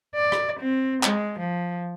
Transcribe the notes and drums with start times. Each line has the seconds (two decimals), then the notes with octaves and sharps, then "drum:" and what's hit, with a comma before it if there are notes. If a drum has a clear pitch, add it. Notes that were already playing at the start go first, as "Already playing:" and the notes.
0.15 D5
0.32 drum: rim click
0.60 C4
1.03 G#3, drum: clap
1.39 F3